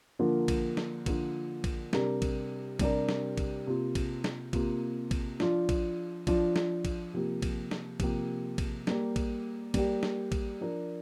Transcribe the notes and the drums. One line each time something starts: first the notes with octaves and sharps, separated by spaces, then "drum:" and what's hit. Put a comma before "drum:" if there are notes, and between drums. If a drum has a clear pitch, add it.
D3 F3 A#3 F4 A#4
drum: kick, cymbal
drum: snare
D3 F3 A#3 F4 A#4, drum: kick, cymbal
drum: kick, cymbal
C3 G3 D4 A#4, drum: snare
drum: kick, cymbal
C3 G3 D4 A#4, drum: kick, cymbal
drum: snare
drum: kick, cymbal
C3 A#3 F4
drum: kick, cymbal
drum: snare
C3 A#3 F4, drum: kick, cymbal
drum: kick, cymbal
F3 D4 F4, drum: snare
drum: kick, cymbal
F3 D4 F4, drum: kick, cymbal
drum: snare
drum: kick, cymbal
C3 F3 A#3 G4
drum: kick, cymbal
drum: snare
C3 F3 A#3 G4, drum: kick, cymbal
drum: kick, cymbal
G3 A#3 G4, drum: snare
drum: kick, cymbal
G3 A#3 G4, drum: kick, cymbal
drum: snare
drum: kick, cymbal
F3 D4 A#4